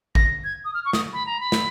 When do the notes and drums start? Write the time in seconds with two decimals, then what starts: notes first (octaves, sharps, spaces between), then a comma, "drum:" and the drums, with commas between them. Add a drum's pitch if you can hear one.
0.15 A#6, drum: kick
0.44 G#6
0.65 D#6
0.74 F6
0.85 C#6
0.93 D#6, drum: snare
1.13 B5
1.26 A#5
1.40 B5
1.52 drum: snare